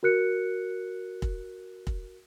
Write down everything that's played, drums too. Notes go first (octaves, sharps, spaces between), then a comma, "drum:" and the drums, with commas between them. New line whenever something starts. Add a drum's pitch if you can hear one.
F#4 A#4 F#6 C#7
drum: kick
drum: kick